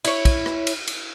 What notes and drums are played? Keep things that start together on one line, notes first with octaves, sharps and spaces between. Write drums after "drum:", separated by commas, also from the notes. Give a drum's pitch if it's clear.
E4 C#5, drum: cymbal
drum: kick, cymbal
drum: rim click
drum: cymbal
drum: cymbal